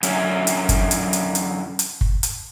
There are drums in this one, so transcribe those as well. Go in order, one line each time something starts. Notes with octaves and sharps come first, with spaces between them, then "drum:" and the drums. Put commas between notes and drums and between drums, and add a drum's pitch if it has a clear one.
F#2 D3 C#4, drum: hi-hat
drum: hi-hat
drum: kick, hi-hat
drum: hi-hat
drum: hi-hat
drum: hi-hat
drum: hi-hat
drum: kick
drum: hi-hat